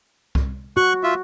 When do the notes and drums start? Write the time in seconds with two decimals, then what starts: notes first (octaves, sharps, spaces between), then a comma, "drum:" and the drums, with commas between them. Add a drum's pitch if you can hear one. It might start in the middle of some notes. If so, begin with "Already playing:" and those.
0.35 drum: kick C2
0.77 F#4 C#6 F#6
1.04 F4 E5